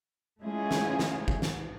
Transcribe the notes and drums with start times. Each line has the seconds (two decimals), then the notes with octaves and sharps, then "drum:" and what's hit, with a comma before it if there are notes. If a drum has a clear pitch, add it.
0.42 G#3 A3 C#4 E4 F4 G#4
0.71 drum: snare
0.99 drum: snare
1.28 drum: kick
1.42 drum: snare